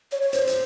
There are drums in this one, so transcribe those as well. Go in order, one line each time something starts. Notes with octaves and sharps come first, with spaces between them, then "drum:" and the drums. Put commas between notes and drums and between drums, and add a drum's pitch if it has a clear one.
C#5
C#5
C5, drum: hi-hat
drum: hi-hat